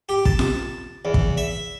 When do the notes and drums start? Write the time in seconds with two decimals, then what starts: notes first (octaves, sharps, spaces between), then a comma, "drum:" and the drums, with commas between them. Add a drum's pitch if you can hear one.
0.09 G4
0.25 A5, drum: kick
0.39 drum: snare F4
1.05 E2
1.14 drum: kick
1.37 E5